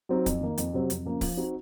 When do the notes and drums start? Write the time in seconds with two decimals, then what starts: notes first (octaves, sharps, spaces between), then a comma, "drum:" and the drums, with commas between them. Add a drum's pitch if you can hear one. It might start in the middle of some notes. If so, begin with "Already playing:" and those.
0.09 F#3 C4 D#4 F#4
0.26 F2, drum: kick C#1, hi-hat
0.41 D#3 A#3 D#4
0.58 F2, drum: hi-hat
0.73 C3 F#3 C4
0.90 F2, drum: hi-hat
1.05 C#3 F3 A#3
1.21 F3, drum: kick C#1, open hi-hat
1.37 C4 D#4 F#4